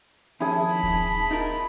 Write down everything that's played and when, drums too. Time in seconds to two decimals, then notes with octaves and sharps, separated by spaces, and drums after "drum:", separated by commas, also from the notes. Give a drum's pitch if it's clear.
0.40 F2 D#3 C#4 E4 G#4 A5
0.72 B5
0.83 drum: kick D#1
1.31 D#4 F4 A#4